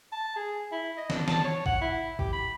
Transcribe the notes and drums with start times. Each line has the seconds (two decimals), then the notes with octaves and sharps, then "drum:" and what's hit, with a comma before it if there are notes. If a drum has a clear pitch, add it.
0.12 A5
0.36 G#4
0.72 E4
0.97 D#5
1.10 D4, drum: snare
1.28 A5, drum: snare
1.44 C#5
1.66 F#5, drum: kick G#1
1.81 E4
2.19 G4, drum: kick G#1
2.33 B5